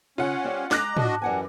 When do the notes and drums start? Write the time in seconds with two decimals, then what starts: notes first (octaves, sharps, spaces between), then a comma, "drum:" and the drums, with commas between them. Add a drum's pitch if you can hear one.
0.18 C#3 C#4 F4 F#5
0.44 G3 C4
0.71 G#3 D#5 A#5 D6 F#6 A#6, drum: snare
0.97 D4 F#4 D#5 A5, drum: tom
1.22 F#2 E3 G3 F#5 G#5